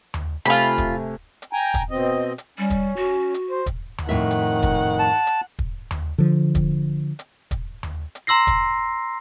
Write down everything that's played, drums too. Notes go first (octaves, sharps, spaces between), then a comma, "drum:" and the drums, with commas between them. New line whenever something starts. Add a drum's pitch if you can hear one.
drum: tom D#2
C3 A3 F4 G#5 B5, drum: hi-hat
drum: kick, hi-hat
drum: hi-hat
G5 G#5 A#5
drum: kick, hi-hat
B2 C4 D#5
drum: hi-hat
G3 C#4
drum: kick, hi-hat
F#4
drum: hi-hat
C5
drum: kick, hi-hat
drum: tom D#2
F2 A2 D#3 E5 F#5
drum: hi-hat
drum: kick, hi-hat
A5
drum: hi-hat
drum: kick
drum: tom D#2
D3 F3
drum: kick, hi-hat
drum: hi-hat
drum: kick, hi-hat
drum: tom D#2
drum: hi-hat
A#5 C6 E6 A#6 C7
drum: kick, hi-hat